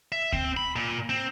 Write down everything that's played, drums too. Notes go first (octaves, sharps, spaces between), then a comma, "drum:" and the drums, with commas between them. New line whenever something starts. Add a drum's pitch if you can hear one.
E5
C4, drum: kick D2
B5
A#2
C4